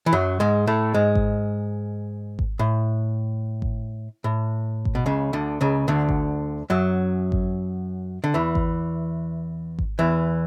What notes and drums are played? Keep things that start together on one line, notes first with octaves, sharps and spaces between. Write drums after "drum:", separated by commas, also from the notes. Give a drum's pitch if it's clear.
E3
F#2 F#3
G#2 G#3
A2 A3
G#2 G#3
drum: kick G#1
drum: kick G#1
A2
drum: kick G#1
A2
drum: kick G#1
B2
C#2 C#3
D2 D3
C#2 C#3
D2 D3
drum: kick G#1
F#2 F#3
drum: kick G#1
D3
E2 E3
drum: kick G#1
drum: kick G#1
E2 E3